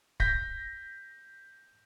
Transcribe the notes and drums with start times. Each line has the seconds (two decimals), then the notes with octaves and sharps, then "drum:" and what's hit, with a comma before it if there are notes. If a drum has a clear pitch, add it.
0.20 G6 A#6 B6, drum: kick